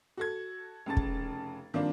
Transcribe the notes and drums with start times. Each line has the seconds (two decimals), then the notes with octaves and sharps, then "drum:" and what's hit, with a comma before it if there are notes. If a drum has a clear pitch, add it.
0.17 F#4 A4 G#6
0.86 F1 C#3 A5 A6
0.97 drum: kick
1.74 G2 D#3 F3 A#3 C4 D4